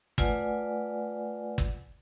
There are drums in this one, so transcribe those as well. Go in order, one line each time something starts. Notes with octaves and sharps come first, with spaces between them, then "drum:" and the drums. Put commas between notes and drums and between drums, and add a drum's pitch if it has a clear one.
A3 F4 B4 D5 F#5 G#5, drum: kick
drum: kick